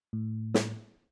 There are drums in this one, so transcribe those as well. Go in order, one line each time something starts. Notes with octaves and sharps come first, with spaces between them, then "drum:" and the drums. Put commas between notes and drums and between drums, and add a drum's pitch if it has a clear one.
A2
drum: snare